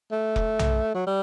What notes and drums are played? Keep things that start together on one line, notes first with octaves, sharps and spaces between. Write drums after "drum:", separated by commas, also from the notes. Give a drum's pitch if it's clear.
A3
drum: kick F1
drum: tom B1
F#3
G3